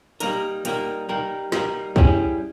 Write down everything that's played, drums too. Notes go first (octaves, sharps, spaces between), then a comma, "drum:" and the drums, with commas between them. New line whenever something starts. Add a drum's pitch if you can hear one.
G3 A#3 D#4 A#4, drum: hi-hat
G3 A#3 D#4 A#4, drum: hi-hat
G3 A#3 D#4 A#4
G3 A#3 D#4 A#4, drum: snare
G3 C#4 E4 G#4, drum: kick